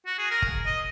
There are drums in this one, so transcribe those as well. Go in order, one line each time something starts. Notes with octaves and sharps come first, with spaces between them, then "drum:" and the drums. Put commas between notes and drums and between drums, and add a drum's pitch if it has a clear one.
F#4
G#4
A#4
drum: kick G1
D#5